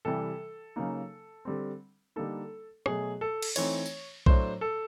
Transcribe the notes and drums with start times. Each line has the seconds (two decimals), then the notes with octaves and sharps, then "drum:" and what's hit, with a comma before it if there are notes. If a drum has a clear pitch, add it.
0.05 C3 E3 G3 A4
0.76 C#3 F#3 A#3 D#4
1.45 D3 G3 C4
2.16 D3 G3 A#3 D#4 A4
2.86 B2 F#3 A3 G#4, drum: rim click
3.21 A4
3.42 drum: cymbal
3.56 E3 A3 C4 D#4 C#5, drum: cymbal
3.86 drum: tambourine
4.26 A2 F#3 A3 D4 C5, drum: kick B1
4.61 A4